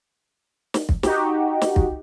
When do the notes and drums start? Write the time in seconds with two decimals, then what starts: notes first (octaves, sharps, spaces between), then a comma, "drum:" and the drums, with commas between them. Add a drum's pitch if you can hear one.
0.74 drum: snare
0.89 drum: kick
1.03 D#4 F#4 G4, drum: snare
1.62 drum: snare
1.76 drum: kick